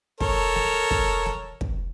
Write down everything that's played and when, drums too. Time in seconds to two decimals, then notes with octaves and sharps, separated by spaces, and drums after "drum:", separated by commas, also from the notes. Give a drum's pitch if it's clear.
0.20 A4 A#4 C#5, drum: kick
0.56 drum: snare
0.91 drum: kick
1.26 drum: snare
1.61 drum: kick